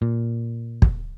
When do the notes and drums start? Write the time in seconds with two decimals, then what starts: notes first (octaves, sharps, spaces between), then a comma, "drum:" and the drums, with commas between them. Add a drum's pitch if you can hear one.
0.02 A#2
0.82 drum: kick